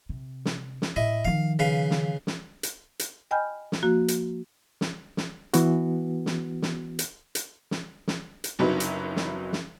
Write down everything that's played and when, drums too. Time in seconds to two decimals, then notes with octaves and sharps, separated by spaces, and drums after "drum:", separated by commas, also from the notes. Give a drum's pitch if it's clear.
0.09 C3
0.45 drum: snare
0.82 drum: snare
0.96 A2 E4 D#5
1.25 D#3 F3 F5
1.59 C#3 B4 F5
1.91 drum: snare
2.27 drum: snare
2.63 drum: hi-hat
2.99 drum: hi-hat
3.31 D#5 G5 G#5 B5 F6 G6
3.72 drum: snare
3.83 F3 A#3 F#4
4.08 drum: hi-hat
4.81 drum: snare
5.17 drum: snare
5.54 E3 B3 F#4, drum: hi-hat
6.26 drum: snare
6.62 drum: snare
6.99 drum: hi-hat
7.35 drum: hi-hat
7.71 drum: snare
8.08 drum: snare
8.44 drum: hi-hat
8.59 F#1 C2 F#3 D#4 B4
8.80 drum: hi-hat
9.16 drum: snare
9.53 drum: snare